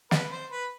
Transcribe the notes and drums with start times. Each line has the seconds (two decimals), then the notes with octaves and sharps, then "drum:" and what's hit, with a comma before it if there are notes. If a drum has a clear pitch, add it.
0.11 B4, drum: snare
0.31 C5
0.51 B4